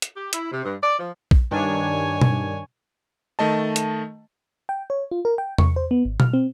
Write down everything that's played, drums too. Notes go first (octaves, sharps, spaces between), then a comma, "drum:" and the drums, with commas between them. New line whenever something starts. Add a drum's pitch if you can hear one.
drum: hi-hat
G4
E4, drum: hi-hat
C3
G2
D5
F3
drum: kick A#1
G2 D#3 D4 C#5 G#5
drum: tom B2
D#3 A3 D#5 A5
drum: hi-hat
G5
C#5
F4
A#4
G5
C#6, drum: tom E2
C5
B3
G#1
F6, drum: tom B2
C4